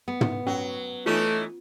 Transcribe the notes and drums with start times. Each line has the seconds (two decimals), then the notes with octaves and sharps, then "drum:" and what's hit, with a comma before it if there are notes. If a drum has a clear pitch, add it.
0.08 B3
0.21 drum: tom
0.47 F#3 C#4
1.06 E3 A3 C#4 D#4 F4